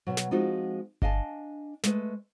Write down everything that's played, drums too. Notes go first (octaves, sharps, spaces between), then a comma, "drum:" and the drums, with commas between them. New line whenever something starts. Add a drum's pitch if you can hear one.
B2 F#3
drum: snare
F3 G#3 C4 D#4 F4 F#4
D4 D#5 F5 G#5 A5, drum: kick G1
G#3 A3 B4, drum: snare